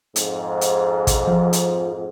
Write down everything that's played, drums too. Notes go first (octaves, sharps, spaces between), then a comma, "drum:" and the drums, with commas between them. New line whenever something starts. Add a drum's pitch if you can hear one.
F2 G#2, drum: hi-hat
drum: hi-hat
drum: kick, hi-hat
F3
drum: hi-hat